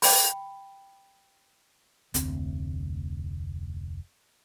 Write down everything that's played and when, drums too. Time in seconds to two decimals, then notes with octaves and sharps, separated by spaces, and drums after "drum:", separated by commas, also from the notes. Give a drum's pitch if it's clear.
0.02 G5 B5, drum: open hi-hat
2.14 F1 D2 C4, drum: hi-hat